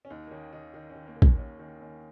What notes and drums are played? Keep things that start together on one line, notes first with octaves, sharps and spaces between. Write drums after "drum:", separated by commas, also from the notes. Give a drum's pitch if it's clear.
C#4
D#2 D#4
A#3
D#3 C#4
D#3 D#4
D#3 D#4
C#4
D#3
A#3
D#3
C#4, drum: kick
D#2 C#4
D#3 C#4
D#2 C#4